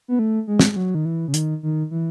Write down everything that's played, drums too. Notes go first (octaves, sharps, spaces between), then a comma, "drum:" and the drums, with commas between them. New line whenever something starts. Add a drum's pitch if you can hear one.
B3
A3
G#3
drum: snare
G#3
F#3
D#3
E3
C#3
D#3, drum: hi-hat
D#3
E3